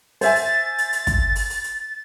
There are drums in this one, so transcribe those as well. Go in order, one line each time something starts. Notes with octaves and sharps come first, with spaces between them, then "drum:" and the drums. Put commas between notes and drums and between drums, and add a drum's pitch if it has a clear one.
C5 E5 G#5 A6, drum: open hi-hat
drum: open hi-hat
drum: hi-hat
drum: hi-hat
drum: kick, hi-hat
drum: open hi-hat
drum: open hi-hat
drum: hi-hat